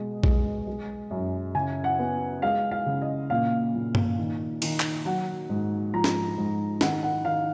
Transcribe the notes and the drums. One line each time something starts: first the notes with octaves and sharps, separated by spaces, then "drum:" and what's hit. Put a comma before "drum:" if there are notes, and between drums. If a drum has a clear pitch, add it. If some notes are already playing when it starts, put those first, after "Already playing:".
Already playing: B2 G#3
G#3, drum: kick A#1
G#3
F#2
C#3 G#5
F#5
B3
G#3 F5
F5
C#3
D#5
A#2 F5
A#2
drum: tom G2
D#3
D#3, drum: cymbal
drum: clap
F#3 F#5
G#2
F3 A#5
drum: snare
G#2
D#3 F#5, drum: snare
F#5
D#3 F5